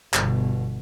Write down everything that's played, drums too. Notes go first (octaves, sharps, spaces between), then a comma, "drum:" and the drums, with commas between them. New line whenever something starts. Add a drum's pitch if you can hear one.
G1 B2, drum: clap